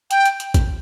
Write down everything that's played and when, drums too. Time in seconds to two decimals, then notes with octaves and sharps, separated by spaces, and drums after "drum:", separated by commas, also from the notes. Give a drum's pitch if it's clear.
0.11 G5, drum: hi-hat
0.26 drum: hi-hat
0.40 drum: hi-hat
0.54 drum: kick A1, hi-hat